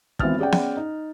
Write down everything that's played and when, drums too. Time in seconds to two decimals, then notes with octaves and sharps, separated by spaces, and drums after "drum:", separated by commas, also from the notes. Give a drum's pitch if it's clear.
0.19 G#1 E3 B3 C4 F6 A6, drum: kick
0.39 C#4 G#4 D5 F#5 G5
0.52 drum: snare B3
0.77 D#4